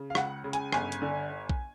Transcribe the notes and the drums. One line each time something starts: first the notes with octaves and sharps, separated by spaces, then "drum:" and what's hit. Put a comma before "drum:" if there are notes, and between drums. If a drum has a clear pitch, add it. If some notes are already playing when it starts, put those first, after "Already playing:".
Already playing: C#3
F5
C#2 F#5, drum: rim click
C#3
G#5, drum: hi-hat
G1 G#5, drum: rim click
drum: hi-hat
D3
drum: kick A#1